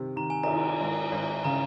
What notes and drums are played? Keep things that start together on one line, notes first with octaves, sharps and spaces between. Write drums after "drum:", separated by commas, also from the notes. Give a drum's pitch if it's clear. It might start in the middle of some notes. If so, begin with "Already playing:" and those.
Already playing: C3 D#3
D#3 A#5
G#5
A#5, drum: cymbal
D#3
G#1
G#1
C#3 A#5